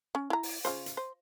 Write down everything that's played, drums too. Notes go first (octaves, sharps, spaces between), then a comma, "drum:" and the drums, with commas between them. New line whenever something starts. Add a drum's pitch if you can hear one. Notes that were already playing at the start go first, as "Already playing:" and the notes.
C#4
E4 A#5
drum: open hi-hat
C#3 F4 C5, drum: hi-hat
drum: hi-hat
C5